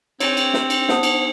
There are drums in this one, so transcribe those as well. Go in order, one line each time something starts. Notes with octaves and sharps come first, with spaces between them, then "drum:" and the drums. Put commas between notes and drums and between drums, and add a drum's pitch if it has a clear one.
C4 C#5 G5 G#5, drum: cymbal
drum: cymbal
drum: snare
drum: cymbal
B3 C5 F#5 A5 D#6, drum: snare
drum: cymbal